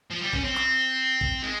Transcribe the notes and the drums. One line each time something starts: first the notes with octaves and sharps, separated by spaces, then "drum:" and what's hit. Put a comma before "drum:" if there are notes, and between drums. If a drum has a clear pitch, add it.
F3
G3
C#4, drum: kick A1
C4
drum: clap
drum: kick A1
G#3